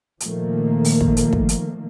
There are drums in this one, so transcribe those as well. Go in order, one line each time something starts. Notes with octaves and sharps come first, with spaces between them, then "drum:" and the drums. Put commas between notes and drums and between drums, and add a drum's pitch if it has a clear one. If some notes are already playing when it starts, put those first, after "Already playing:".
A#2 D#3 F3 A3 A#3, drum: hi-hat
drum: open hi-hat
drum: kick
drum: hi-hat
drum: kick
drum: hi-hat